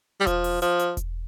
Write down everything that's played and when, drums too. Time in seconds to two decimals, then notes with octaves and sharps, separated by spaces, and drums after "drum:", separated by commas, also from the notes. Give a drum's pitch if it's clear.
0.20 G3
0.27 F3, drum: kick E1, hi-hat
0.44 drum: open hi-hat
0.62 F3, drum: hi-hat
0.79 drum: hi-hat
0.97 drum: kick E1, hi-hat